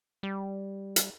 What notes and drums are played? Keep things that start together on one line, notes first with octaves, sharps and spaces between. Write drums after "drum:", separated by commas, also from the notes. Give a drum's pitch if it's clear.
G3
drum: hi-hat